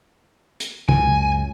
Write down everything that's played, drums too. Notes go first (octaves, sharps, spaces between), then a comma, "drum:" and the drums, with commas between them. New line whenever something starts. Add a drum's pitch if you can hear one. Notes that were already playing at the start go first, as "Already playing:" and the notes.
drum: hi-hat
C#2 F#2 G#5, drum: tom C3